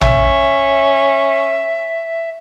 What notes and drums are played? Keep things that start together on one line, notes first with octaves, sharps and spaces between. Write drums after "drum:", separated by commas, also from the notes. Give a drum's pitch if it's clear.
C#4 E5, drum: tom